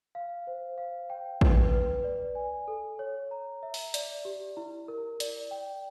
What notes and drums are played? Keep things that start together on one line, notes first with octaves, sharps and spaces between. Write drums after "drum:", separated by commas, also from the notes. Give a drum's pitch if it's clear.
F5
C5
F5
G5
B4, drum: kick
B4
D5
G#5
A4
C#5
A#5
E5
drum: open hi-hat
D5, drum: hi-hat
G4
E4
A#4
D5, drum: hi-hat
G5